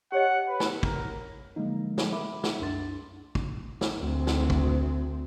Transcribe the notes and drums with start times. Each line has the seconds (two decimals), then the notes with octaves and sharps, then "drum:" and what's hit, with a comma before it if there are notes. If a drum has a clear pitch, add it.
0.12 G4 C#5 D#5 F#5
0.49 B4
0.60 drum: snare
0.83 A#4, drum: kick
1.56 D3 F3 F#3 G#3 A#3 D#4
1.98 drum: snare
2.12 E5 B5 D6
2.43 drum: snare
2.60 C2 F#2 D4 C6 A6
3.35 drum: kick
3.81 drum: snare
3.98 D2 C4
4.27 drum: snare
4.50 drum: kick